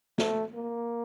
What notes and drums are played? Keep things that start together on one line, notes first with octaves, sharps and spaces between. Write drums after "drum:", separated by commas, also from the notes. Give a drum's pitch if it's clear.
A3, drum: snare
A#3